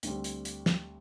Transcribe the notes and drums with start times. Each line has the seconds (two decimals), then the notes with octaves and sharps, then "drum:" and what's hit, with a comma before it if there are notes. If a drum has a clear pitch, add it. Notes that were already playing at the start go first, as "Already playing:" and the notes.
0.03 D2 D3 G3 C4 G4, drum: hi-hat
0.24 drum: hi-hat
0.45 drum: hi-hat
0.66 drum: snare